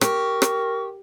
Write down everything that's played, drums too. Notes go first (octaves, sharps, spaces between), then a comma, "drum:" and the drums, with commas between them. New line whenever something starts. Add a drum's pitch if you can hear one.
G4 A#4 C#6, drum: rim click
drum: rim click